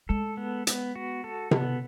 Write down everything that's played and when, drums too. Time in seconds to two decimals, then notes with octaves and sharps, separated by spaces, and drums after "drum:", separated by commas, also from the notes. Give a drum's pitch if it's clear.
0.09 G#3 A4
0.37 B3
0.67 B3, drum: hi-hat
0.96 F#4
1.24 A4
1.51 B3, drum: tom C3